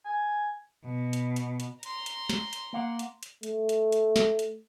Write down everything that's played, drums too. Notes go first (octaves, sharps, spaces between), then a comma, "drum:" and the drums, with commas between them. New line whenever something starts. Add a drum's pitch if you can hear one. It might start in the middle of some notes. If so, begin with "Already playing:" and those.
G#5
B2
drum: hi-hat
drum: hi-hat
drum: hi-hat
A#5 C6, drum: hi-hat
drum: hi-hat
drum: snare
drum: hi-hat
A#3 F5 F#5
drum: hi-hat
drum: hi-hat
A3, drum: hi-hat
drum: hi-hat
drum: hi-hat
drum: snare
drum: hi-hat